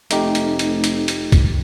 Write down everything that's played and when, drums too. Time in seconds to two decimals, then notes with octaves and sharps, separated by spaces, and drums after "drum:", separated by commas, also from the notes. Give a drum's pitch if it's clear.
0.11 F1 A3 D#4 G4, drum: hi-hat
0.35 drum: hi-hat
0.59 drum: hi-hat
0.84 drum: hi-hat
1.08 drum: hi-hat
1.32 drum: kick B1, hi-hat